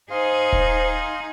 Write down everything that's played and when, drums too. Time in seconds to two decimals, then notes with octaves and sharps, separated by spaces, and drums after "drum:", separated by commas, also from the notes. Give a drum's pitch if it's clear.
0.10 D#4 G#4 C5 F5 C6
0.52 drum: kick D#1